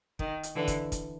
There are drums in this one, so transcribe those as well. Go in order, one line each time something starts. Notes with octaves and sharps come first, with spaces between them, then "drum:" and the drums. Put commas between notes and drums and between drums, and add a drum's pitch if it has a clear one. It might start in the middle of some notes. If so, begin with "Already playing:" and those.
D#3, drum: kick
drum: hi-hat
D3 E3
drum: kick, hi-hat
drum: kick, hi-hat